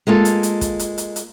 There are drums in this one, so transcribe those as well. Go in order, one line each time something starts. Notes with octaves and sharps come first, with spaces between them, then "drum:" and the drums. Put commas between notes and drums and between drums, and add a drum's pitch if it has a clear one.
G#3 A#3 F4 A4
drum: hi-hat
drum: hi-hat
drum: kick, hi-hat
drum: hi-hat
drum: hi-hat
drum: hi-hat